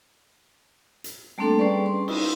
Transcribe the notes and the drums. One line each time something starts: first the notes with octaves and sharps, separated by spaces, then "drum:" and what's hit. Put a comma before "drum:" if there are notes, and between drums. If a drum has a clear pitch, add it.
drum: hi-hat
G3 A3 A#3 C4 D4 A4
G3 C#4 G#4 B4 D5
C6
D#4 E4 C5, drum: cymbal